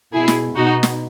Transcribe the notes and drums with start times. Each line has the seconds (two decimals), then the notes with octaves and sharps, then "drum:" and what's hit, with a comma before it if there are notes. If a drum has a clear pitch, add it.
0.14 B2 E4 G#4
0.28 drum: snare
0.55 B2 D#4 F#4
0.83 drum: snare